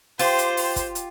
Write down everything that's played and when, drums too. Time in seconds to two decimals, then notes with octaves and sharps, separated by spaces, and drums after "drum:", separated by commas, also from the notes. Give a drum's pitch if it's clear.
0.19 F4 G4 C5, drum: open hi-hat
0.38 drum: hi-hat
0.57 drum: open hi-hat
0.76 drum: kick, hi-hat
0.95 drum: hi-hat